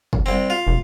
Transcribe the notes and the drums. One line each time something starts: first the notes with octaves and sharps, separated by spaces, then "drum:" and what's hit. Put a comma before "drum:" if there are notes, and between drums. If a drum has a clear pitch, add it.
drum: kick
C2 C4
F4
F1